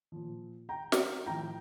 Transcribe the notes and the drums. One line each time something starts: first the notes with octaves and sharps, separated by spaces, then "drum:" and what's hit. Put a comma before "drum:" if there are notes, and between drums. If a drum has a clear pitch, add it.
A#2 F3
G5 A#5
drum: snare
A2 F3 G5 A#5